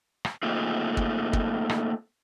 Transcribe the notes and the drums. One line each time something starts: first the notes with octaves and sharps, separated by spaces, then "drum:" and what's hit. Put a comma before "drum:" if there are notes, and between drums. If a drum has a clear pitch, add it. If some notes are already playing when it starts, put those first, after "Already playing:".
drum: rim click
A3 A#3 C4 D#4 F4 G#4
drum: kick
drum: kick
drum: rim click